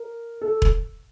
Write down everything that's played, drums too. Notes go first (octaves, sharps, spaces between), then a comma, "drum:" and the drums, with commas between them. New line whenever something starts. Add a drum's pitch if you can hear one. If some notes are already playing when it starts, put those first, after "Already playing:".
Already playing: A#4
A4
drum: kick E1